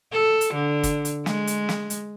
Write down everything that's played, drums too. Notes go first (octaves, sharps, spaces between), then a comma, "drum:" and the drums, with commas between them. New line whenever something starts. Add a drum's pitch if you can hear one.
A4
drum: hi-hat
D3
drum: kick, hi-hat
drum: hi-hat
G#3, drum: snare
drum: hi-hat
drum: snare
drum: hi-hat